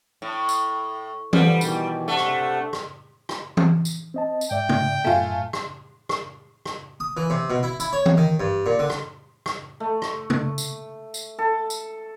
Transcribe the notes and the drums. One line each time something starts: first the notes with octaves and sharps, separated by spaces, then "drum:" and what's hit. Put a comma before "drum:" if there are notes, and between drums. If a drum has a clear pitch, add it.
A2
drum: tambourine
D3 F3 G3 B4, drum: tom E3
B2 D#3 E3, drum: tambourine
C3 A3 D4 F#5
drum: rim click
drum: rim click
drum: rim click
drum: tom E3
drum: tambourine
C4 D#5 A5
drum: tambourine
G#2 D5 E5 G5
drum: tom
F#2 A2 A3 F4 G#5
drum: rim click
drum: rim click
drum: rim click
D#6
E3
C3
B2
E4
E4, drum: tambourine
C#5
drum: tom E3
D#3
G2
A#2
D3
drum: rim click
drum: rim click
A3
drum: rim click
drum: tom
drum: tambourine
drum: tambourine
A4
drum: tambourine